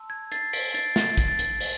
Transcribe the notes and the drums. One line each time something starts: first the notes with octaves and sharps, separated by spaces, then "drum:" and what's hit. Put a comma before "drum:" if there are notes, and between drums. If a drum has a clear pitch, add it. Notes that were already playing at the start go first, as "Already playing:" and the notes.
Already playing: A5 C6 E6
G#6
A6 C7, drum: hi-hat
B6 D7, drum: open hi-hat
A6 C7, drum: hi-hat
A6, drum: snare
drum: kick, hi-hat
A6
drum: hi-hat
drum: open hi-hat